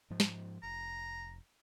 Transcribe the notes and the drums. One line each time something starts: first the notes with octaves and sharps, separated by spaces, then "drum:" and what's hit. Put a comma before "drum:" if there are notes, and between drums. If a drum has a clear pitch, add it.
G#2 F3
drum: snare
F1 A#5